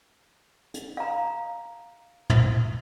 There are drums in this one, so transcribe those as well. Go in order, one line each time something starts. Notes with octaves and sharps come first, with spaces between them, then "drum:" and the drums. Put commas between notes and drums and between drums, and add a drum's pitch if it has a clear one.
drum: hi-hat
F5 A#5
drum: tom